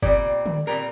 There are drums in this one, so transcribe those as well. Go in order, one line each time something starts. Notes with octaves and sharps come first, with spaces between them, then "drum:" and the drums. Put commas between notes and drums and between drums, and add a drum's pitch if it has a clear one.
A#2 G3 C4 D5, drum: kick
drum: tom D3
A#2 G3 C4 A#4